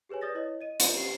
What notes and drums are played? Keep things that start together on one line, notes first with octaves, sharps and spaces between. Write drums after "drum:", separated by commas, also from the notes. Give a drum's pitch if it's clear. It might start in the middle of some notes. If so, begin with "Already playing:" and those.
G4 G#4 B4 C#5 G#5
B4 D5 D#6 A6 A#6
E4 C#5 D#5
D#5 D#7
F4 C5 D5 C6 D#7, drum: hi-hat
G4 C7